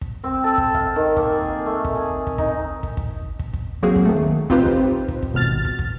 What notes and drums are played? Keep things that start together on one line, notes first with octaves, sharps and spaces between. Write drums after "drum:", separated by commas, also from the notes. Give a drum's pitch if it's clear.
drum: kick
C4
A4
drum: kick
F5, drum: kick
D#3
A#3, drum: kick
G#4
A3
drum: kick
G#4
drum: kick
D#4, drum: kick
drum: kick
drum: kick
drum: kick
drum: kick
F#3 A#3 C4 F#4 G#4
drum: kick
D#3 A3
C4 D#4 F4 G4 B4 C5, drum: kick
drum: kick
drum: kick
drum: kick
G#1 B2 F6 A6
drum: kick
drum: kick